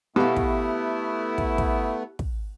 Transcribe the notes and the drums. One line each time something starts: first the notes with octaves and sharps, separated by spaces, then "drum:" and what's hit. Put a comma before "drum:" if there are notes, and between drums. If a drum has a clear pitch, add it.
B2 A3 B3 E4 G4 F5
drum: kick
drum: kick
drum: kick
drum: kick